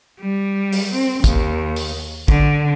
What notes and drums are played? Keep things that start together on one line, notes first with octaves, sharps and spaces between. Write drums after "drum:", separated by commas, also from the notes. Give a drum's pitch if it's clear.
G3
drum: open hi-hat
C4
D#2, drum: kick, hi-hat
drum: open hi-hat
D3, drum: kick, hi-hat